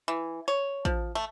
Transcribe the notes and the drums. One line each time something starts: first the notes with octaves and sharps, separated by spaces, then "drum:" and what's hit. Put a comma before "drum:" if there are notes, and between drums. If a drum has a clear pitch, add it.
E3
C#5
F3, drum: kick A1
A3